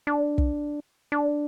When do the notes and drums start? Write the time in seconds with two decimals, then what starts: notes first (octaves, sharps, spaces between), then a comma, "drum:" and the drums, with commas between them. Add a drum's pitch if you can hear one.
0.07 D4
0.38 drum: kick
1.12 D4